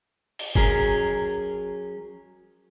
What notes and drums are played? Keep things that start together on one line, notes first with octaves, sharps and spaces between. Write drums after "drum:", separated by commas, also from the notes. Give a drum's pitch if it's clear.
drum: cymbal
F#3 C#4 G#4 A#4, drum: kick F#1